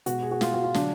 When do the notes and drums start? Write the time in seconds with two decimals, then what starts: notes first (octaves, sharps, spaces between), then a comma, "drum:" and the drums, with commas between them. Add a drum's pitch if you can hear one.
0.06 B2 G#3 F#4, drum: hi-hat
0.23 G#4
0.32 F#4
0.41 F4, drum: snare
0.54 F#4
0.64 F4
0.74 D3 F#3 D4, drum: snare